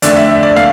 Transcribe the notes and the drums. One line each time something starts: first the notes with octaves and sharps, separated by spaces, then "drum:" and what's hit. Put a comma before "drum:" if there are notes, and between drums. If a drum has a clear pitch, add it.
F2 D3 A3 D5, drum: hi-hat
E5
E5
D5
F5, drum: snare